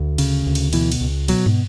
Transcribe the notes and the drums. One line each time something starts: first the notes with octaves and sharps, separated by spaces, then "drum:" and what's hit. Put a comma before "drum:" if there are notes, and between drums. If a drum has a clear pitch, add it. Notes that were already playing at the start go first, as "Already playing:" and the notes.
Already playing: D2
C#3, drum: cymbal
D2
drum: cymbal
B2 E3, drum: cymbal
drum: cymbal
C#2
B2 F#3, drum: cymbal
drum: tom